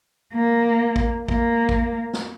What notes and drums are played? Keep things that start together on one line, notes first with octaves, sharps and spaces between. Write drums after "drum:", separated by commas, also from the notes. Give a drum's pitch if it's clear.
A#3
drum: kick
A#3, drum: kick
drum: kick
drum: snare